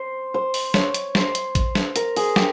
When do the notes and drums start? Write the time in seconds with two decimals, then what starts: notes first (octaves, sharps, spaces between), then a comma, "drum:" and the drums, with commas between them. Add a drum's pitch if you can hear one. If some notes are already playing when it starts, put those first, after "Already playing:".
Already playing: C5
0.34 C5
0.54 drum: open hi-hat
0.74 C#5, drum: snare
0.94 drum: hi-hat
1.15 C5, drum: snare
1.35 drum: hi-hat
1.55 drum: kick A1, hi-hat
1.75 drum: snare
1.96 A#4, drum: hi-hat
2.16 G#4, drum: open hi-hat
2.36 G4, drum: snare